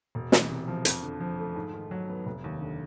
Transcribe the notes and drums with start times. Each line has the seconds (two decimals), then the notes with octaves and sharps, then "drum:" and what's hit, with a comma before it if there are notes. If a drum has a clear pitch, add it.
0.15 E1
0.32 E2, drum: snare
0.50 C3
0.68 F3
0.85 F2, drum: hi-hat
1.03 D3
1.20 F3
1.38 A3
1.56 G#2
1.74 D#3
1.91 F#3
2.09 B3
2.26 F1
2.44 D#2
2.61 D3